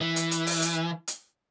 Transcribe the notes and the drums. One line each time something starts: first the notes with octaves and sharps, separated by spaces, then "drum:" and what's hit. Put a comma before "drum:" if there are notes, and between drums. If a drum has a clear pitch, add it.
E3
drum: hi-hat
drum: hi-hat
drum: open hi-hat
drum: hi-hat
drum: hi-hat